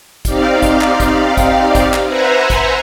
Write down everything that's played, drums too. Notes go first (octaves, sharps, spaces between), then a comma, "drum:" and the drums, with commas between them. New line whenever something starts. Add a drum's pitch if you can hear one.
C4 D#4 G4 D5 F5, drum: kick, hi-hat
drum: kick, hi-hat
drum: clap
drum: kick, hi-hat
drum: kick, hi-hat
drum: kick, hi-hat
drum: clap
B4 C5 E5 F#5 G#5 A#5
drum: kick, hi-hat